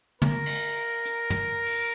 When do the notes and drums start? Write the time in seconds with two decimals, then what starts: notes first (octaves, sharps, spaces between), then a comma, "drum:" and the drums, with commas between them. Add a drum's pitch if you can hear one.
0.22 A#4, drum: tom
0.46 drum: cymbal
1.05 drum: hi-hat
1.30 drum: tom
1.66 drum: cymbal